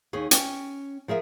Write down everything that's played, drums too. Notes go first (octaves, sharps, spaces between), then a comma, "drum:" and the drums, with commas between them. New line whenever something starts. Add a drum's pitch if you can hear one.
D#2 C#4 G#4
C#4 G5, drum: hi-hat
F3 G#4 A#4 E5